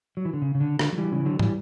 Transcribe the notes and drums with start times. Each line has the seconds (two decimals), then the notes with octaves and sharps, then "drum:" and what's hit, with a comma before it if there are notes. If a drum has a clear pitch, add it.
0.17 F#3
0.25 E3
0.33 D3
0.42 C#3
0.55 C#3
0.60 D3
0.79 D3, drum: rim click
0.93 F#3
0.98 E3 G3
1.12 C#3 E3
1.25 D3 F#3
1.39 E3 G3, drum: tom